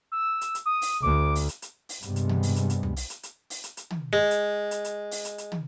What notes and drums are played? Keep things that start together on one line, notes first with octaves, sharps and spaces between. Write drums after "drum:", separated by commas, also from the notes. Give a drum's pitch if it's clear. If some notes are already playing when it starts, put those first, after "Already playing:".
E6
drum: hi-hat
drum: hi-hat
D#6
drum: open hi-hat
D2 D6
drum: open hi-hat
drum: hi-hat
drum: hi-hat
drum: open hi-hat
G2 C3 G3 G#3 B3, drum: hi-hat
drum: hi-hat
drum: tom
drum: open hi-hat
drum: hi-hat
drum: hi-hat
drum: tom
drum: open hi-hat
drum: hi-hat
drum: hi-hat
drum: open hi-hat
drum: hi-hat
drum: hi-hat
drum: tom
G#3
drum: hi-hat
drum: hi-hat
drum: hi-hat
drum: open hi-hat
drum: hi-hat
drum: hi-hat
drum: tom